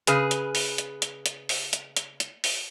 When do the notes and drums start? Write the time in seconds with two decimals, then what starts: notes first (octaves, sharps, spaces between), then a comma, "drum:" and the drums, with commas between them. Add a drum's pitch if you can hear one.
0.07 C#3 G#4 B4, drum: hi-hat
0.31 drum: hi-hat
0.55 drum: open hi-hat
0.78 drum: hi-hat
1.02 drum: hi-hat
1.26 drum: hi-hat
1.49 drum: open hi-hat
1.73 drum: hi-hat
1.97 drum: hi-hat
2.20 drum: hi-hat
2.44 drum: open hi-hat